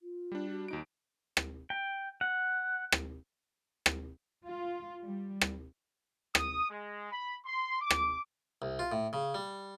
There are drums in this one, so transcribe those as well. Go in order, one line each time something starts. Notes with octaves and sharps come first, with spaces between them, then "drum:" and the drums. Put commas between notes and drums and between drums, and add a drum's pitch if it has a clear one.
F4
G3 D4
F#4
D#2 D#4 D7
drum: rim click
G5
F#5
drum: rim click
drum: rim click
F4
G3
drum: rim click
D#6, drum: rim click
G#3
B5
C6
D6
drum: rim click
C2
F4
A2
C#3
G3